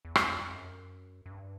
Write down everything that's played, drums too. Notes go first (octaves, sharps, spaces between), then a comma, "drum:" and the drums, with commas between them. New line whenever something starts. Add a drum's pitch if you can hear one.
E2
F2, drum: rim click
F2
F2
F#2
F#2
G2